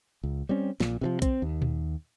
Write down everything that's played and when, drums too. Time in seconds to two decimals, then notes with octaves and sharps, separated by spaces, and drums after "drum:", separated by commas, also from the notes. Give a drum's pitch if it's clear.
0.24 C#2
0.49 G3 C4 C#4
0.80 A#1 A#2, drum: snare
1.01 C3 E3 F3
1.22 C4, drum: kick, hi-hat
1.42 D#2
1.62 drum: tom A#2